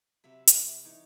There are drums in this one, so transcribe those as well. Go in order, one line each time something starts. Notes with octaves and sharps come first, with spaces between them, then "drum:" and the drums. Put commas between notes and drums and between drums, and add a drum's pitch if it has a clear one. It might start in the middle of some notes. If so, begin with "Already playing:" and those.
C3 F#3 E5 B5
G3, drum: hi-hat
E3 D#4 C#5 D6